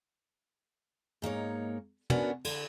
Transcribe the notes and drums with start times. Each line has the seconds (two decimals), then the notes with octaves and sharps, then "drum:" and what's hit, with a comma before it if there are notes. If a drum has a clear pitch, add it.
1.22 G#2 A#3 D#4 C#5
2.10 B3 C#4 D4 F#4 A#4 B4, drum: tom
2.45 D3, drum: cymbal